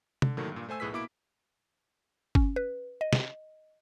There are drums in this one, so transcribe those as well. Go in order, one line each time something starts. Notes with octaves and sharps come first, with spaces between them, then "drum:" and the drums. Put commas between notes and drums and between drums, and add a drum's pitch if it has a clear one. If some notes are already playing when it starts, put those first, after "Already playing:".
D3, drum: tom C3
A2 D3 D#3 F#3 A3 A#3
G2 A#2
A3 C5 G#5 E6
B1 A2 G#4 B4 E6 B6
B2 A#3 E4 D6 D7
C#4, drum: kick G1
B4
D#5
drum: snare